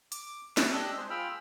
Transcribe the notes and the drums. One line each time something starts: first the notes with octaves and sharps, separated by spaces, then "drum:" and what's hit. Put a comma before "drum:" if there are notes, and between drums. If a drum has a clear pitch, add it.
D6, drum: hi-hat
A3 C#5, drum: snare
D4 G4 D#5 E6 F#6
G#3 G#4 C5
F4 G#4 G5 B5 E6 F6